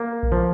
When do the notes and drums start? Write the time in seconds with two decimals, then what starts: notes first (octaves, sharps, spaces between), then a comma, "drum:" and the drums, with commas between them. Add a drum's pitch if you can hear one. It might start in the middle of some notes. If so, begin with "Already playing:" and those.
Already playing: A#3
0.23 drum: kick A#1
0.32 F3